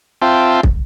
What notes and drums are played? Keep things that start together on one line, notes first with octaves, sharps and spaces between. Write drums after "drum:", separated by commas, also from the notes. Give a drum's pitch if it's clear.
C4 F4 E5 G5 A5
drum: kick